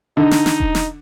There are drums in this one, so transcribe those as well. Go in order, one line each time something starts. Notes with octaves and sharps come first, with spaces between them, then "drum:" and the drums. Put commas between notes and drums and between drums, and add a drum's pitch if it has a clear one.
D3 D#4
drum: snare
drum: snare
drum: kick E1
drum: snare